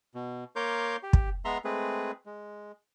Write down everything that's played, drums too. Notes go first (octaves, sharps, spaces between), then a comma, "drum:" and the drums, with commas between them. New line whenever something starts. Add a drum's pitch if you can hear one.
B2
A#3 A#4 C#5 C6 D6 G6
G4
drum: kick
G#3 B3 E5 A#5 C6
G#3 A3 C4 G#4 B4
G#3